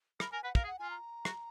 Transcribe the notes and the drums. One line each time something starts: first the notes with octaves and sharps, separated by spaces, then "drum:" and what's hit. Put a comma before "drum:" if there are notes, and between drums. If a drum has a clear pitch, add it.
A#4 B5, drum: rim click
A#4 G#5
B4 F#5
A#4 F5, drum: kick
G#4
F#5
F4 G#5
A#5
F#4, drum: rim click